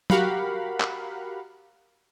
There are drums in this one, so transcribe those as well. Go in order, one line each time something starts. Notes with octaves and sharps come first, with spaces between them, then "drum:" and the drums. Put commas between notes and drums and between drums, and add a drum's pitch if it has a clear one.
F#4 G4 A#4 F5 F#5 B5, drum: tom F#3
drum: clap